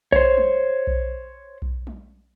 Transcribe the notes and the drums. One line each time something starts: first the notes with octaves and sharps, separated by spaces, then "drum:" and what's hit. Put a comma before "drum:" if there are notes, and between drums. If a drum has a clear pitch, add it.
C5 C#5, drum: kick B1
drum: tom
drum: kick B1
drum: kick B1
drum: tom